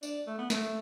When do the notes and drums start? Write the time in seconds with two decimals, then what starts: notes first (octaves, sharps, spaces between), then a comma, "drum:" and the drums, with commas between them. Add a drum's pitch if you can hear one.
0.03 D4, drum: tambourine
0.27 A3
0.38 B3
0.50 A3, drum: snare